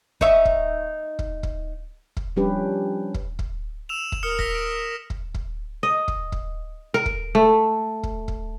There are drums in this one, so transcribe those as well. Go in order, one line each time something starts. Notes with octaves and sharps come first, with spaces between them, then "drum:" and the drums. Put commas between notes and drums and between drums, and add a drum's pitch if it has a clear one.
D#4 C#5 E5, drum: kick
drum: kick
drum: kick
drum: kick
drum: kick
F3 G3 C#4 D4 G4 B4
drum: kick
drum: kick
E6 E7 F7
drum: kick
A#4 D#6 F6 C#7
A#6 B6 F7, drum: kick
D7
drum: kick
drum: kick
D#5
drum: kick
drum: kick
A#4
drum: kick
A3
drum: kick
drum: kick